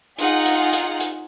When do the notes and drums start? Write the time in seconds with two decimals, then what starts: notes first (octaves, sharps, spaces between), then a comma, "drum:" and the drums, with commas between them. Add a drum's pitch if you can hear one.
0.18 D#4 F4 G#4 F#5, drum: hi-hat
0.46 drum: hi-hat
0.73 drum: hi-hat
1.00 drum: hi-hat